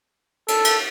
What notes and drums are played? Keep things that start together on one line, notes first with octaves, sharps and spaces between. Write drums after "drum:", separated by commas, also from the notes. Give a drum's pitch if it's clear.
A4, drum: cymbal
drum: cymbal